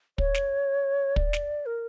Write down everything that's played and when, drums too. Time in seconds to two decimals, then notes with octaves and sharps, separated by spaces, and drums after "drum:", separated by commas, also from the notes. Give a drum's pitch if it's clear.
0.18 C#5, drum: kick
0.34 drum: snare
1.16 D5, drum: kick
1.33 drum: snare
1.66 A#4